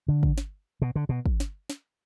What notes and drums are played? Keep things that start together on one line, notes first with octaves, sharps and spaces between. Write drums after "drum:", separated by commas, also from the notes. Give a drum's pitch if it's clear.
D3
drum: kick
drum: snare
B2
D3
B2
drum: kick
drum: snare
drum: snare